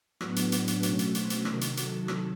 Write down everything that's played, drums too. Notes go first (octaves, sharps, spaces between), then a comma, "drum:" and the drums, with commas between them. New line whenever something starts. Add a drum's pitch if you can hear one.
A2 F#3 B3 D4 F#5, drum: rim click
drum: hi-hat
drum: hi-hat
drum: hi-hat
B2 F#3 A3 C#4 C#5, drum: hi-hat
drum: hi-hat
C5, drum: hi-hat
drum: hi-hat
C3 D#3 F#3 A#4, drum: rim click
drum: hi-hat
A4, drum: hi-hat
drum: rim click